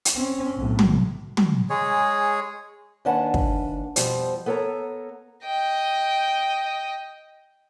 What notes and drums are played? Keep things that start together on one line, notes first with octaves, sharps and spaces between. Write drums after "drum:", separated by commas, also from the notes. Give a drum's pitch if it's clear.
drum: hi-hat
C4 C#4
B1 A2
drum: tom
drum: tom
G#3 G#4 C#5
D#2 C#4 D4 B4 F#5 A5
drum: kick
F2 B2 F3 G3, drum: hi-hat
B3 A4 A#4 C#5 A#5
D#5 G5